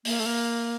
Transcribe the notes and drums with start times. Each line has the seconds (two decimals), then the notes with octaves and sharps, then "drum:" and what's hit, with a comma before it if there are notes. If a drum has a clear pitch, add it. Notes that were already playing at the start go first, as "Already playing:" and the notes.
0.05 A#3, drum: open hi-hat
0.20 A3
0.26 A#3